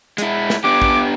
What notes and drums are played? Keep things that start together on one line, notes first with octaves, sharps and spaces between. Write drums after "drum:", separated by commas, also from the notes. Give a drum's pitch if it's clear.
G#3 E4, drum: hi-hat
drum: snare
B3 D4 G4 D6
drum: kick A#1